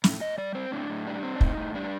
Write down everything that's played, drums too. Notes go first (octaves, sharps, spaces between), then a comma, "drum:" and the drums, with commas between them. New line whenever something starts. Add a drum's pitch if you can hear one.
A2, drum: snare
A2 D#5
G3 D5
C4 C5
A2 D4
A2
G3 D4
C4
D4
A2 D#4, drum: kick
A2
G3 D4